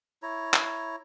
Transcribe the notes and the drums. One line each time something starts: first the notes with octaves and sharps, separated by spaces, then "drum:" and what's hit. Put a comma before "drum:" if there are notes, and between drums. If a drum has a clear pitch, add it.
E4 C#5 A#5
drum: clap